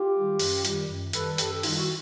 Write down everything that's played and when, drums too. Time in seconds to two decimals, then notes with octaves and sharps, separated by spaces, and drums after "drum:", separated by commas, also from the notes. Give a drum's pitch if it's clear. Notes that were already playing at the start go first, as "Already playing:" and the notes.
Already playing: F4 G4
0.14 D#3 G3
0.39 F#2, drum: open hi-hat
0.65 D#3 G3, drum: hi-hat
0.89 F#2
1.13 D#3 G3 A4 B4, drum: hi-hat
1.38 F#2 G4 A4, drum: hi-hat
1.51 G4 A4
1.63 D#3 G3 D#4 F4, drum: open hi-hat
1.76 E4 F#4